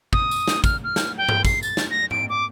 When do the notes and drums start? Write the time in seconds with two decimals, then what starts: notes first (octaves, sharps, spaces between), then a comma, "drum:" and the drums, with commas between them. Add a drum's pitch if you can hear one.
0.13 D#6, drum: kick
0.31 drum: tambourine
0.48 drum: snare
0.64 F6, drum: kick, tambourine
0.84 F6
0.96 drum: snare
1.17 G5
1.29 drum: tom G2
1.45 C7, drum: kick, tambourine
1.63 A6, drum: tambourine
1.77 drum: snare
1.90 A#6
2.11 D7, drum: tom G#2
2.29 D6